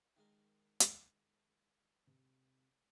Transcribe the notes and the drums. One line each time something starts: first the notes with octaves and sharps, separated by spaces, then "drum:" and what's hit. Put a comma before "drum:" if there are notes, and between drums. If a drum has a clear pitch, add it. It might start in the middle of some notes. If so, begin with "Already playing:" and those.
D#3 G#3 A#4
drum: hi-hat
C3